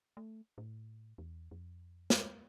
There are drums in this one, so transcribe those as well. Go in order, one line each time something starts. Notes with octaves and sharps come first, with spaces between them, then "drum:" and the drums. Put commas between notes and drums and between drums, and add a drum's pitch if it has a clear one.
A3
A2
E2
F2
drum: snare